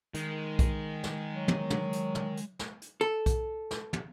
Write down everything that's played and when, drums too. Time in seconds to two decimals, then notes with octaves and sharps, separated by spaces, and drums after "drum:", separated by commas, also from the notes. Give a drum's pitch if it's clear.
0.14 D#3 G#3, drum: hi-hat
0.59 drum: kick B1, hi-hat
1.04 drum: snare
1.32 F#3
1.48 drum: tom
1.70 drum: tom
1.93 drum: hi-hat
2.15 drum: tom
2.37 drum: hi-hat
2.59 drum: snare
2.82 drum: hi-hat
3.01 A4
3.26 drum: kick B1, hi-hat
3.71 drum: snare
3.93 drum: tom